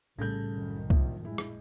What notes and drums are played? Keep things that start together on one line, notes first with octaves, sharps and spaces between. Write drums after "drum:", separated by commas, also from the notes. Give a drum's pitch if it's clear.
A#1 A2 C#3 G3 A4 G6
C2 F#2 D#3
A#1, drum: kick C2
A#1 G#3 E4
drum: rim click